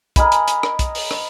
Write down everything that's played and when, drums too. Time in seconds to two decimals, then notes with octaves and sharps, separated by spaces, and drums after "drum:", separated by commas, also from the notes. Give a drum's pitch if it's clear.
0.16 A#4 D#5 G#5 B5, drum: kick, hi-hat
0.32 drum: hi-hat
0.48 drum: hi-hat
0.63 drum: rim click
0.79 drum: kick, hi-hat
0.95 drum: open hi-hat
1.11 drum: rim click